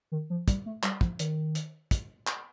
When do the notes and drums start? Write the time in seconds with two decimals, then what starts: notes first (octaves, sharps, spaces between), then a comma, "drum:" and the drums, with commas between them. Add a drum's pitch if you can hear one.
0.12 D#3
0.30 F3
0.48 G3, drum: kick, hi-hat
0.66 A3
0.83 G3, drum: clap
1.01 F3, drum: kick
1.19 D#3, drum: hi-hat
1.55 drum: hi-hat
1.91 drum: kick, hi-hat
2.27 drum: clap